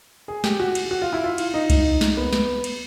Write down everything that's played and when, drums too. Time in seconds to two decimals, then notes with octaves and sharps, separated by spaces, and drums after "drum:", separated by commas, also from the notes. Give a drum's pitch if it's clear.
0.28 G#4
0.44 G4, drum: snare
0.60 F#4
0.75 drum: cymbal
0.91 F#4
1.02 F4
1.13 E4
1.24 F4
1.38 drum: cymbal
1.54 D#4
1.70 drum: kick C2, cymbal
2.01 drum: snare
2.17 B3
2.33 drum: snare
2.64 drum: cymbal